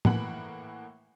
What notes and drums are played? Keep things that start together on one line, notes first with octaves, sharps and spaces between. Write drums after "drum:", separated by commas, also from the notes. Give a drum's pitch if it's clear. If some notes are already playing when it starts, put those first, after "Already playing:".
A2 E3 A#3 F#5 B5 F#7, drum: tom